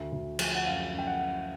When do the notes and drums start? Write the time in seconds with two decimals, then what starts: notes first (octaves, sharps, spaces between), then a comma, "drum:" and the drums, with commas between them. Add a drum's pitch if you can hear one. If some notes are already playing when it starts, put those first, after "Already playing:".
Already playing: D2
0.12 D2
0.39 F3, drum: cymbal
0.55 F#5
0.67 F#2 F5
0.93 F#2
0.99 G5
1.07 F#5